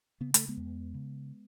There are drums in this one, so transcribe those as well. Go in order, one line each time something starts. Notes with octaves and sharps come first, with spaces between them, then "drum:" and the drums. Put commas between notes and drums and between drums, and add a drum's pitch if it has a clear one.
C#3 B3
A3, drum: hi-hat
G#3 B3
E2
C#3